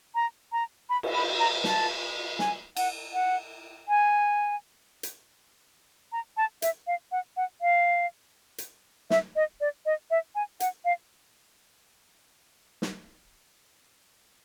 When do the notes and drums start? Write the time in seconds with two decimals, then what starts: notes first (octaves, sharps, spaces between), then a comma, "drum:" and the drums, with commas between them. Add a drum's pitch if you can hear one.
0.15 A#5
0.52 A#5
0.89 B5
1.03 drum: cymbal
1.14 B5
1.39 A#5
1.64 A5, drum: snare
2.39 G#5, drum: snare
2.77 F#5, drum: cymbal
3.14 F#5
3.88 G#5
5.03 drum: hi-hat
6.12 A#5
6.37 A5
6.62 E5, drum: hi-hat
6.87 F5
7.12 F#5
7.37 F#5
7.61 F5
8.58 drum: hi-hat
9.10 E5, drum: snare
9.36 D#5
9.60 D5
9.86 D#5
10.10 E5
10.35 G#5
10.60 F#5, drum: hi-hat
10.85 F5
12.82 drum: snare